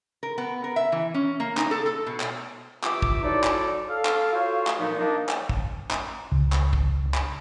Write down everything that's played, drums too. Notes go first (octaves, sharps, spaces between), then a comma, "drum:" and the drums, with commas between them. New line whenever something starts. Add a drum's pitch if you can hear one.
A#4
B3
A#4
E5
E3
C#4
A#3
D#4, drum: clap
A4
A4
B2
drum: clap
E3 F4 G4 E5 D6, drum: clap
drum: kick
F#3 D#4 E4 A4 D5
drum: clap
A4 F5
drum: clap
F4 F#4 A4 C5 C#5 F5
drum: clap
A#2 F3 F#3 B3 D#4
A#3 D4 D#4
drum: clap
drum: kick
drum: clap
C#2
drum: clap
drum: kick
drum: clap